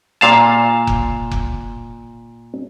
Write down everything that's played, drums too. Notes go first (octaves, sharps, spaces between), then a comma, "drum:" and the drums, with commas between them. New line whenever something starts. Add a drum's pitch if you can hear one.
A#2 F5 A5
drum: kick F1
drum: kick F1